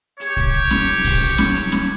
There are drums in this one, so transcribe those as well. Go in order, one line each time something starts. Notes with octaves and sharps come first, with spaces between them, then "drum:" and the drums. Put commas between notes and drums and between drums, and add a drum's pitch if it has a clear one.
G4 C#5, drum: hi-hat
drum: kick, hi-hat
drum: hi-hat
drum: snare C#4
drum: kick, open hi-hat
drum: hi-hat
drum: snare C#4
drum: hi-hat
drum: snare C#4